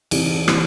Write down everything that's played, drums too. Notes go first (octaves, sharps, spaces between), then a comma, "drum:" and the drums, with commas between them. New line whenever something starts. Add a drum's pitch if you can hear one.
E2 C3 E3, drum: cymbal
C3 E3, drum: rim click